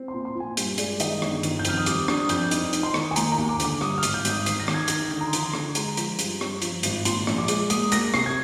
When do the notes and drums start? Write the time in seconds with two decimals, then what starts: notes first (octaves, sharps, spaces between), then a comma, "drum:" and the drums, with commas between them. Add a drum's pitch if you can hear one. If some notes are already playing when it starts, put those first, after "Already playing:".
Already playing: C4
0.08 C6
0.14 A#2
0.25 C6
0.35 A#2
0.40 G#5
0.57 G2, drum: hi-hat
0.78 G#3 D5, drum: hi-hat
1.00 D#3 D#5, drum: hi-hat
1.22 G1, drum: rim click
1.43 D#3, drum: hi-hat
1.59 G6
1.65 F2 F6, drum: hi-hat
1.78 D#6
1.86 G3 D6, drum: hi-hat
2.08 D4 D#6, drum: rim click
2.29 F2 G6, drum: hi-hat
2.51 D#4, drum: hi-hat
2.73 D#4, drum: hi-hat
2.83 C6
2.94 D#3, drum: rim click
3.11 G#5
3.16 A#3 A#5, drum: hi-hat
3.32 A#5
3.38 D#2
3.49 D6
3.60 D3 D6, drum: hi-hat
3.81 G2 D#6, drum: rim click
3.98 F6
4.03 G#1, drum: hi-hat
4.14 G6
4.25 G#1, drum: hi-hat
4.30 D#6
4.46 D#3 C7, drum: hi-hat
4.60 A#6
4.68 D#3, drum: rim click
4.74 G#6
4.88 D#3 A#6, drum: hi-hat
5.11 D3 G#6
5.21 A#5
5.28 C6
5.33 F3, drum: hi-hat
5.43 C6
5.54 D3, drum: rim click
5.60 C6
5.75 G#3 A#5, drum: hi-hat
5.97 F3, drum: hi-hat
6.19 G2, drum: hi-hat
6.41 G2, drum: rim click
6.62 F3, drum: hi-hat
6.83 G#1, drum: hi-hat
7.05 A#2 C6, drum: hi-hat
7.27 A#1, drum: rim click
7.38 D6
7.48 G#3, drum: hi-hat
7.70 A#3 D#6, drum: hi-hat
7.92 A#3 A#6, drum: hi-hat
8.14 C3 C7, drum: rim click
8.26 G#6